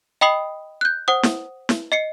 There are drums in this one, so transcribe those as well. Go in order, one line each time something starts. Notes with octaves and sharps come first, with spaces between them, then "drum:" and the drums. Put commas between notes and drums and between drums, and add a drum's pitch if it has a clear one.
D#5 G5 B5 D#6 C7 F#7
F#6 G6
C5 F#5 D#6
drum: snare
drum: snare
D#5 C7 C#7